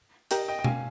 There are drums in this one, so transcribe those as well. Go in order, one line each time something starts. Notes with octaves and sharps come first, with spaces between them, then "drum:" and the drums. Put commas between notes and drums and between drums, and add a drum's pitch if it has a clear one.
G4 A#4 D#5 G5, drum: hi-hat
D#5 G5
G5
F5 G#5, drum: tom B2